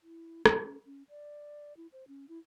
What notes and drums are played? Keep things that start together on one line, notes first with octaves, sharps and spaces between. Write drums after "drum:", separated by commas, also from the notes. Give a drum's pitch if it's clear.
E4
B3, drum: rim click
C#4
C#4
D5
E4
C5
C#4
E4